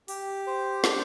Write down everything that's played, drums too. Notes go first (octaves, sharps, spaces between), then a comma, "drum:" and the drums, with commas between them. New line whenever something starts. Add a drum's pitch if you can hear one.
G4, drum: open hi-hat
C5
D4, drum: snare